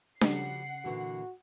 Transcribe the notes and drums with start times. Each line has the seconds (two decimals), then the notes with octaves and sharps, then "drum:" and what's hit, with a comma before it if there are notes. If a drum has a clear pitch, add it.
0.21 C#3 F3 G3 F#4 F#5 C7, drum: snare D4
0.85 A#2 D3 E3 F#4